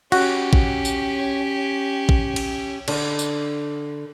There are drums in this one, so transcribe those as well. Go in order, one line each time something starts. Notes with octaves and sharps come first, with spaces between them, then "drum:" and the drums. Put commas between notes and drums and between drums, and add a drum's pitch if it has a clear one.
C#4 F#4 G4, drum: cymbal
drum: kick
drum: tambourine
drum: kick
drum: cymbal
D3, drum: cymbal
drum: tambourine